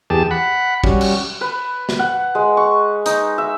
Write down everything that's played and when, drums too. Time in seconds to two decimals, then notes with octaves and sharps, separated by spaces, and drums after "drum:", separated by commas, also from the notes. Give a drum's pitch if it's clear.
0.10 E2 G4 G#4 A5
0.31 F#5 B5
0.84 G3 C#4 F#4, drum: kick
1.01 drum: cymbal
1.41 B4
1.89 drum: snare
1.99 F#5
2.35 G#3
2.57 C#6
3.06 D#4, drum: hi-hat
3.38 E5